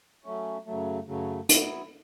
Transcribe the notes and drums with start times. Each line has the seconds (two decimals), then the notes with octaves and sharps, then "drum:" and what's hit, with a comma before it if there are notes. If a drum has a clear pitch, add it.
0.24 F#3 A3 C#4
0.66 F#2 C#3 F#3 A3
1.07 F#2 C#3 F#3 A3
1.49 F#3 B3 E4, drum: hi-hat